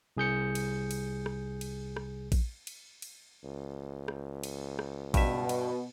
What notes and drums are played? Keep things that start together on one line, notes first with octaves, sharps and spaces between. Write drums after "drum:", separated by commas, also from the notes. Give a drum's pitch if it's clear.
C2 G#4 G6 C#7
drum: cymbal
drum: cymbal
drum: rim click
drum: cymbal
drum: rim click
drum: kick A#1, cymbal
drum: cymbal
drum: cymbal
C#2
drum: rim click
drum: cymbal
drum: rim click
G2 B2 E5, drum: kick A#1, cymbal
drum: cymbal